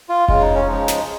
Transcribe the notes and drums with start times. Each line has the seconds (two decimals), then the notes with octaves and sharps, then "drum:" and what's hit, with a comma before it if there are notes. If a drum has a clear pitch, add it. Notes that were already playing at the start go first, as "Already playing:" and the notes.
0.09 F4
0.28 C#3 G#3 F4, drum: kick F1
0.41 D#4
0.54 C#4
0.67 C#3 F3 G#3 D#4
0.88 drum: snare